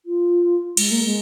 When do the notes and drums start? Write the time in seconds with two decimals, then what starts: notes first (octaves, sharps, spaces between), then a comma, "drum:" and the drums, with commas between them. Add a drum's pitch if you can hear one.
0.06 F4
0.77 G#3, drum: cymbal
0.91 A#3
1.04 G#3